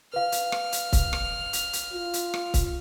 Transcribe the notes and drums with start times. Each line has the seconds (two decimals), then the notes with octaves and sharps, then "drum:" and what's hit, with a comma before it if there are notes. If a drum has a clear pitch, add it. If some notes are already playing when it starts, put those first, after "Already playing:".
0.14 B4 F5 F6
0.32 drum: hi-hat
0.52 drum: rim click
0.72 drum: hi-hat
0.93 drum: kick C#1, hi-hat
1.13 drum: rim click
1.53 drum: hi-hat
1.73 drum: hi-hat
1.93 F4
2.13 drum: hi-hat
2.34 drum: rim click
2.54 drum: kick C#1, hi-hat